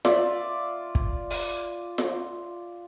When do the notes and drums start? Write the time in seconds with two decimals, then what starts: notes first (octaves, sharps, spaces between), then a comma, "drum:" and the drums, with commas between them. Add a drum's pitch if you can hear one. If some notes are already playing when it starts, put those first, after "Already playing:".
0.05 F4 D5 E5, drum: snare F4
0.95 drum: kick
1.30 drum: open hi-hat
1.98 drum: snare F4